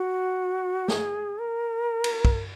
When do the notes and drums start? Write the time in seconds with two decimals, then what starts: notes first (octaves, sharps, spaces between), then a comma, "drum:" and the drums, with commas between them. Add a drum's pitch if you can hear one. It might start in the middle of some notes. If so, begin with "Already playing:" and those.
Already playing: F#4
0.88 G#4, drum: snare
1.39 A#4
2.04 drum: cymbal
2.25 drum: kick